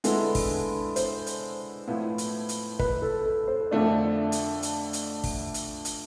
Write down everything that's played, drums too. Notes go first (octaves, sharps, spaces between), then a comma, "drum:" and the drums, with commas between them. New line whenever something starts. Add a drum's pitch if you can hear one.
D3 G#3 B3 E4 A4, drum: hi-hat
drum: kick, open hi-hat
C5, drum: hi-hat
drum: hi-hat
A2 F3 B3 E4
drum: hi-hat
drum: hi-hat
B4, drum: kick
A4
A4
C5
F2 D3 A3 D4 D5
drum: hi-hat
drum: hi-hat
drum: hi-hat
drum: kick, open hi-hat
drum: hi-hat
drum: hi-hat